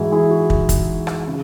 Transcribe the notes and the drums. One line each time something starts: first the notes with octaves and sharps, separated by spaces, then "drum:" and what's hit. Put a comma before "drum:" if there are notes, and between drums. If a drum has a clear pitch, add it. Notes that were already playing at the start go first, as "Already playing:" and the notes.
Already playing: G#2 E3 G#3 E4 F#4 G#4
E4 G#4
F#4
drum: kick
drum: kick, hi-hat
drum: rim click
C#3